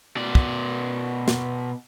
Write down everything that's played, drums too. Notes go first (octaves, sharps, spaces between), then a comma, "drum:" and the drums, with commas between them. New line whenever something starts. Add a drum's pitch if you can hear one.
B2 D5
drum: kick
drum: snare